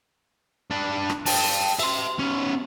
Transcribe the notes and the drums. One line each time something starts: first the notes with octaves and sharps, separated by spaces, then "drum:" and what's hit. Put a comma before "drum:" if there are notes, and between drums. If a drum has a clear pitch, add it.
D4 B4
drum: rim click
G5 A5, drum: open hi-hat
E5 C6, drum: cymbal
B3 C#4